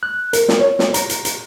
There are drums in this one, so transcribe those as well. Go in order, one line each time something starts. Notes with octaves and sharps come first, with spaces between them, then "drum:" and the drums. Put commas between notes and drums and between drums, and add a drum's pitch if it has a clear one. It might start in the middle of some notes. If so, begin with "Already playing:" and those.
F#6
A#4, drum: hi-hat
drum: snare
C#5
drum: snare
A#5, drum: hi-hat
drum: hi-hat
drum: hi-hat